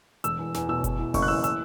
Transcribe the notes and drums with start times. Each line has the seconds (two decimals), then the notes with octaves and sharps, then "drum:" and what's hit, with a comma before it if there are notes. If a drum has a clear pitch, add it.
0.24 E1 E6, drum: hi-hat
0.39 E2
0.54 E2, drum: snare
0.69 B2 E6
0.84 E2, drum: kick F#1, hi-hat
0.99 E3
1.14 F#1 C#6, drum: kick F#1, open hi-hat
1.22 F#6
1.28 E3 E6
1.44 E6, drum: hi-hat